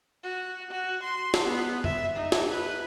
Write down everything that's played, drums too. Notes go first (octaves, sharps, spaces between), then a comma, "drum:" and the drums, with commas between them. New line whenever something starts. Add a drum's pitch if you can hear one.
F#4
F#4
C6
drum: snare
B3
E5, drum: tom F2
D#4
drum: snare
B4